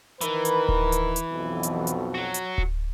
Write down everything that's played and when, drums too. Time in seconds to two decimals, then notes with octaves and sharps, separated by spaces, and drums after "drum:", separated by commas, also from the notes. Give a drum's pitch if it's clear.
0.21 D#3 E3 A#4 B4, drum: hi-hat
0.45 drum: hi-hat
0.69 drum: kick D1
0.92 drum: hi-hat
1.16 drum: hi-hat
1.32 B1 F2 B2
1.63 drum: hi-hat
1.87 drum: hi-hat
2.15 F#3 F#4
2.34 drum: hi-hat
2.58 drum: kick D1